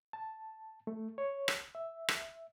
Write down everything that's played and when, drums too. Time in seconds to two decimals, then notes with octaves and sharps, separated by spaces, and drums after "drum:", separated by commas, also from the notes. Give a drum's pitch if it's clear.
0.13 A5
0.87 A3
1.18 C#5
1.48 drum: rim click
1.75 E5
2.09 drum: rim click